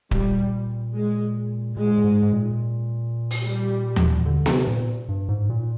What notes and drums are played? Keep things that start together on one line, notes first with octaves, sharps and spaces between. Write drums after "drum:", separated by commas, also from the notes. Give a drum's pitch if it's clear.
A#2 G3, drum: kick
G#3
A#2 G#3
A#2
G#2
G#2
A#2
drum: open hi-hat
G3
drum: tom D#2
D3
C3, drum: snare B3
A#2
G2
G#2
A#2